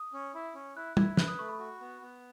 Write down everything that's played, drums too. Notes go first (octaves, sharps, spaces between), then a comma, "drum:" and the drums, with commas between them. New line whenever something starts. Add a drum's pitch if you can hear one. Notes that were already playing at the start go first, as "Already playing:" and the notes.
Already playing: D#6
C#4
E4
C#4
E4 F#6
E4 G#6, drum: tom
B4 F#6, drum: snare
D#6
A3 C#6
B5
F#4
B3
B3